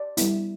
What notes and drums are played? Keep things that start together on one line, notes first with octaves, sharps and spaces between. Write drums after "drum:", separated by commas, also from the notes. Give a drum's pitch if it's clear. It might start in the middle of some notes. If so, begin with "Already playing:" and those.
Already playing: D5
G3 B3 E4, drum: hi-hat